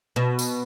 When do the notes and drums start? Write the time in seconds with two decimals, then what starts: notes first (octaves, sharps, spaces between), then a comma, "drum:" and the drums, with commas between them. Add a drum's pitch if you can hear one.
0.16 B2
0.39 drum: tambourine